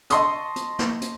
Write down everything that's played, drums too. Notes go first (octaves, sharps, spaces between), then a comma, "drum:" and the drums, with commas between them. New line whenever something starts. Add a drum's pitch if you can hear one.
D#5 A5 C6 C#6 D#6 E6, drum: hi-hat
drum: hi-hat
drum: snare
drum: hi-hat